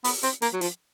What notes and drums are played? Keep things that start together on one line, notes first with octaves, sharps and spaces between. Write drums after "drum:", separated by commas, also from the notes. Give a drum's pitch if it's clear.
B3, drum: open hi-hat
C4, drum: hi-hat
A#3, drum: hi-hat
F#3
F3, drum: hi-hat